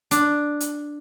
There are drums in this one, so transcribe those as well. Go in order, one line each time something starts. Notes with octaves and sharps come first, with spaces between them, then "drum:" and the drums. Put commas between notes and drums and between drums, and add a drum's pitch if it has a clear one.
D4, drum: hi-hat
drum: hi-hat